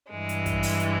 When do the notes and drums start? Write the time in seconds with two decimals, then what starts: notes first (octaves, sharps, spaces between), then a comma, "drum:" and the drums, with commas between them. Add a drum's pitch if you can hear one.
0.12 G2 E3 G#3
0.29 drum: hi-hat
0.46 drum: kick, hi-hat
0.63 drum: open hi-hat
0.80 drum: hi-hat